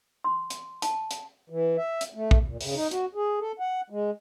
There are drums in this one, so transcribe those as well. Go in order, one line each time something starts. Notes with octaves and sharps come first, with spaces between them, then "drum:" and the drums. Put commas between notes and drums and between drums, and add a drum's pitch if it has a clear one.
C6
drum: hi-hat
A5, drum: hi-hat
drum: hi-hat
E3
E5
drum: hi-hat
A3
drum: kick
A#2
C#3, drum: open hi-hat
D#4
F#4, drum: hi-hat
G#4
A4
F#5
G#3